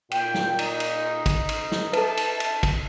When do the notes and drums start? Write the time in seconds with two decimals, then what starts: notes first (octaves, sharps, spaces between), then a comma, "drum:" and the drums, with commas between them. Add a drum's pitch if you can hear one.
0.11 A#2 G5, drum: cymbal
0.34 drum: snare
0.59 D#4, drum: cymbal
0.80 drum: cymbal
1.26 drum: kick, cymbal
1.49 drum: cymbal
1.72 drum: snare
1.93 A4 B4 E5 A5, drum: cymbal
2.17 drum: cymbal
2.40 drum: cymbal
2.63 drum: kick, cymbal